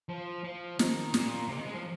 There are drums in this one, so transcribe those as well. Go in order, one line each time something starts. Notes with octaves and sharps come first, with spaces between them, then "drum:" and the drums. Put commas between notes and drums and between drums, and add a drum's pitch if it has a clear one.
F3
F3
D#3, drum: snare
A#2, drum: snare
C3
D#3
G#3
F3